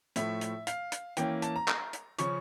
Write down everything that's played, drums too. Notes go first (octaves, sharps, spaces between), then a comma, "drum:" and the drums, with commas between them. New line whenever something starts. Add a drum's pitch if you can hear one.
A2 F3 A3 E4 E5, drum: hi-hat
drum: hi-hat
F5, drum: hi-hat
drum: hi-hat
E3 A#3 C#4 E4 G5, drum: hi-hat
A5, drum: hi-hat
A#5
drum: clap
drum: hi-hat
C#3 F3 C#4 C#6, drum: hi-hat